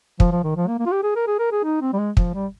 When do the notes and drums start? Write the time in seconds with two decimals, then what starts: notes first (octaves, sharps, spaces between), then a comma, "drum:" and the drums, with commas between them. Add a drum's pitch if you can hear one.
0.20 F3, drum: kick
0.32 F3
0.44 D#3
0.56 F3
0.68 A#3
0.79 A#3
0.86 F4
0.92 G4
1.03 G#4
1.16 A#4
1.27 G#4
1.39 A#4
1.52 G#4
1.64 D#4
1.81 C4
1.93 G3
1.99 G#3
2.17 F3, drum: kick
2.34 G3